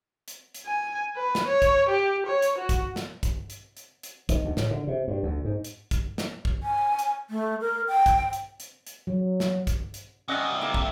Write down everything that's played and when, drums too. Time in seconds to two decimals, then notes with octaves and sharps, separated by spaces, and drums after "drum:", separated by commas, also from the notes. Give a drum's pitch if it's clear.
0.28 drum: hi-hat
0.54 drum: hi-hat
0.66 G#5
1.16 B4
1.35 drum: snare
1.47 C#5
1.62 drum: kick, hi-hat
1.89 G4
2.27 C#5
2.42 drum: hi-hat
2.58 F#4
2.69 drum: kick, hi-hat
2.96 drum: snare
3.23 drum: kick, hi-hat
3.50 drum: hi-hat
3.77 drum: hi-hat
4.03 drum: hi-hat
4.29 D#3, drum: kick, hi-hat
4.45 D2
4.57 A2, drum: snare
4.71 D3
4.87 C3
5.08 G2
5.23 D2
5.45 G#2
5.64 drum: hi-hat
5.91 drum: kick, hi-hat
6.18 drum: snare
6.45 drum: kick
6.63 G#5
6.99 drum: hi-hat
7.30 A3
7.61 A#4
7.88 G5
8.06 drum: kick, hi-hat
8.33 drum: hi-hat
8.60 drum: hi-hat
8.87 drum: hi-hat
9.07 F#3
9.40 drum: snare
9.67 drum: kick, hi-hat
9.94 drum: hi-hat
10.28 C2 C3 C#4 D5 D#5 F#5 G#5 D#6
10.43 D#6
10.61 A#3 E4 A4 D6
10.74 drum: kick